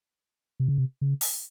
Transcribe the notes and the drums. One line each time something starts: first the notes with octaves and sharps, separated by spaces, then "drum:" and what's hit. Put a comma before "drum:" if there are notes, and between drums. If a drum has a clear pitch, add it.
C3
C#3
C3
C#3
drum: open hi-hat